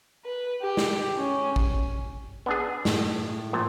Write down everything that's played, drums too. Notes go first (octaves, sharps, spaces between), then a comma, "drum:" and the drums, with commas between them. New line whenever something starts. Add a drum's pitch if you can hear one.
B4
G4
drum: snare
C#4
drum: kick A1
B3 D4 G#4
A2, drum: snare
A#1 A#2